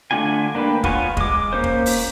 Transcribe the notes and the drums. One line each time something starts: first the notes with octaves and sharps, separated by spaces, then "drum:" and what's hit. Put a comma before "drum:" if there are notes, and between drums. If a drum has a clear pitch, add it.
D3 A3 D4 F4 G#5
A#3 D4 G4 B4
B3 F4 B4 C#5 G#5, drum: kick
G#3 D6, drum: kick
A#3 C#4 C5
drum: kick
drum: open hi-hat